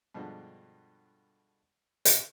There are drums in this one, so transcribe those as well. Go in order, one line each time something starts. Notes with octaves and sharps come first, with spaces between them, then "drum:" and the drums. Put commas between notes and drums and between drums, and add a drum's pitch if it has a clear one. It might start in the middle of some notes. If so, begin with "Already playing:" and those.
G2 B2 D3 F3 G#3
drum: hi-hat